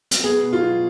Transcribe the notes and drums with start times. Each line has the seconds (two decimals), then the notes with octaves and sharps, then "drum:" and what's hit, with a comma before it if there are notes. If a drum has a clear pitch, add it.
0.11 drum: hi-hat
0.24 B3 G#4
0.43 B2
0.53 F4
0.61 B2